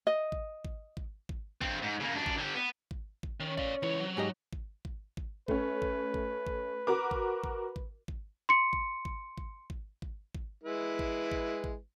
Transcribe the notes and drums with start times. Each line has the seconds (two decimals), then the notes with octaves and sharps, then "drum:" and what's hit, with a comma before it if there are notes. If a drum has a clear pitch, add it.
0.07 D#5
0.32 drum: kick
0.65 drum: kick
0.97 drum: kick
1.29 drum: kick
1.62 G2 C4, drum: kick
1.83 G#2
2.01 C#3 A#3
2.15 F#2 D4
2.26 drum: kick
2.38 D3 G4
2.54 B3
2.91 drum: kick
3.23 drum: kick
3.40 D#3 C#4
3.58 D5 F5, drum: kick
3.83 C#2 E3 C#5
4.00 C3 F#3
4.17 G#2 G4 D#5
4.53 drum: kick
4.85 drum: kick
5.17 drum: kick
5.48 A3 C#4 B4, drum: kick
5.82 drum: kick
6.14 drum: kick
6.47 drum: kick
6.87 F#4 A#4 D6
7.11 drum: kick
7.44 drum: kick
7.76 drum: kick
8.08 drum: kick
8.49 C6 C#7
8.73 drum: kick
9.05 drum: kick
9.38 drum: kick
9.70 drum: kick
10.02 drum: kick
10.35 drum: kick
10.63 G#3 E4 B4
10.99 drum: kick
11.32 drum: kick
11.64 drum: kick